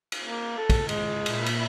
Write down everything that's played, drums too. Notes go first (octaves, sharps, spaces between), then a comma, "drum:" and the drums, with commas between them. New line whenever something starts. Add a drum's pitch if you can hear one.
drum: cymbal
A#3
A4
drum: kick, cymbal
G#3, drum: cymbal
A#2 E5 B5, drum: cymbal
drum: cymbal